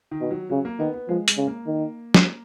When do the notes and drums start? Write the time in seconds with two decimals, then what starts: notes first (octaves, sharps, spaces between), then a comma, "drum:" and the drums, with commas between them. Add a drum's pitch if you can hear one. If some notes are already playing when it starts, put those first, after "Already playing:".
0.11 D#3
0.21 B2
0.31 F#3
0.50 C#3 F#3
0.65 A#3
0.79 D#3 B3
0.94 B3
1.09 F3 G#3
1.28 G#3, drum: hi-hat
1.37 C#3
1.47 A#3
1.67 D#3
2.14 drum: snare